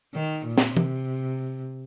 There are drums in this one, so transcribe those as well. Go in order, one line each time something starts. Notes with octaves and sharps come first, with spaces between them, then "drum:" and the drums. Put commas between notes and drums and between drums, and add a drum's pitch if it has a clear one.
D#3
A#2
drum: snare
C3, drum: tom